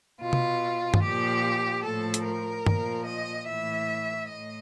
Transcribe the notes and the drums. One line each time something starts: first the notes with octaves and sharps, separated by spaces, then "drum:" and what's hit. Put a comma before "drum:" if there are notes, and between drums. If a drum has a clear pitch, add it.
B2 F4
drum: tom C3
drum: tom G2
A#2 F3 G4
A2 F3 A4
drum: hi-hat
A#4
A#2 F3, drum: tom G2
D#5
A2 E3 E5
A2 D#5